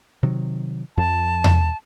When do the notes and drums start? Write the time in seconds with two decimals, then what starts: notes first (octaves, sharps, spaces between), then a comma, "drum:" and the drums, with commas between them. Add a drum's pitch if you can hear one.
0.23 C3 D#3 F#3
0.97 F2 F3 A5
1.44 drum: tom E2